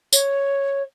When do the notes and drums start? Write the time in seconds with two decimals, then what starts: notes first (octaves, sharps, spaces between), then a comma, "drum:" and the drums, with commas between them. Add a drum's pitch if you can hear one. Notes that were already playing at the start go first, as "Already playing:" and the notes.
0.13 C#5, drum: tambourine